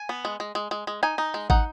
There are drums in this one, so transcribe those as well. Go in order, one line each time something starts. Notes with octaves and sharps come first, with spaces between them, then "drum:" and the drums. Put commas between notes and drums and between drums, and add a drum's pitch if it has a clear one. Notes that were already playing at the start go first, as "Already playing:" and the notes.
Already playing: G#5
B3
G#3
G#3
G#3
G#3
G#3
D#4 G#5
D#4
G#3
D#4 F#5, drum: kick